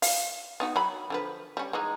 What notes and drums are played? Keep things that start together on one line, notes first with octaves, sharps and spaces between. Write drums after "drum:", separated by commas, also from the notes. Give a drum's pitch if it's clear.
F5, drum: open hi-hat
B3 D#4 F#4
F#3 B5
D3 F3 B4
G3 C#4
E3 G#3 D#4